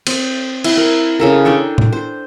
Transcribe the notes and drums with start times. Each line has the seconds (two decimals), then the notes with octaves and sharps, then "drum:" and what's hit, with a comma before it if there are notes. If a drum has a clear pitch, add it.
0.07 C4, drum: cymbal
0.64 E4, drum: cymbal
0.77 A#4
1.20 C#3 A4 A#4
1.45 D4 A4 G5 C#6
1.78 drum: tom
1.93 C5